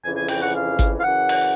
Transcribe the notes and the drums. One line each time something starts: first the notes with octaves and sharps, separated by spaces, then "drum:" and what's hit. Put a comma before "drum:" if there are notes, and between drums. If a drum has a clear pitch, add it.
F2 C#3 E3 G#5
G#5
G5, drum: open hi-hat
F#5
F5
drum: kick G#1, hi-hat
F5
F#2 C#3 E3 F#5
drum: open hi-hat